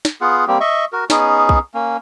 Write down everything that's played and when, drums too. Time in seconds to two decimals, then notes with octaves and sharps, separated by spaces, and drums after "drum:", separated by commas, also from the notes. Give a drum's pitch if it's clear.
0.05 drum: snare
0.21 B3 F4 G#4 F#5
0.48 G3 A#3 C4 G4
0.60 D#5 E5 C#6
0.93 F#4 A#4
1.10 B3 C#4 D#4 G#4, drum: snare
1.49 drum: kick B1
1.74 A#3 C#4